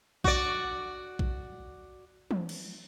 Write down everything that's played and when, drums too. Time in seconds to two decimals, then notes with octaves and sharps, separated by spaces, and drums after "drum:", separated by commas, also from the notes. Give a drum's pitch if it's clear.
0.24 F#4 D5, drum: kick A#1
1.19 drum: kick A#1
2.31 drum: tom
2.49 drum: cymbal